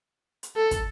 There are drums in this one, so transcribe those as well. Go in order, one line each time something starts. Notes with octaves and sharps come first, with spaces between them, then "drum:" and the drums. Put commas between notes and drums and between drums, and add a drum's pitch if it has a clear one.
drum: hi-hat
A4
drum: kick, hi-hat